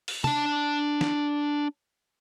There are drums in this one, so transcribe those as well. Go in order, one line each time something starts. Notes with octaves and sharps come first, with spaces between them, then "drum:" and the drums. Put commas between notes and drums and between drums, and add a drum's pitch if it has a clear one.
drum: open hi-hat
D4 A5, drum: tom
drum: snare